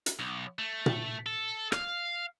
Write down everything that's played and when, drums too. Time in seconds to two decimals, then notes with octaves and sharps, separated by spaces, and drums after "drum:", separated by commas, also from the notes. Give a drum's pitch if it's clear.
0.06 drum: hi-hat
0.19 B1
0.59 A3
0.86 drum: tom A#2
1.26 A4
1.72 F5, drum: rim click